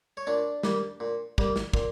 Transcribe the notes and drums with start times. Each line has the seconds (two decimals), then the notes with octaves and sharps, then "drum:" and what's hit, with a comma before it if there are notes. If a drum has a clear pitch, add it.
0.17 C#5
0.27 A#2 D4 D5
0.63 G3 A#3, drum: snare
1.00 A#2
1.38 G3 A#3, drum: kick
1.56 drum: snare
1.74 A#2, drum: kick